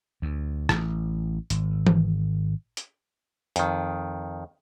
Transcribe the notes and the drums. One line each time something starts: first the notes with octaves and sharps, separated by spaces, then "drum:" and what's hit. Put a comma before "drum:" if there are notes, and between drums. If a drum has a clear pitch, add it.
D2
A1, drum: rim click
G#1, drum: hi-hat
drum: tom E3
drum: hi-hat
F2 D#3, drum: hi-hat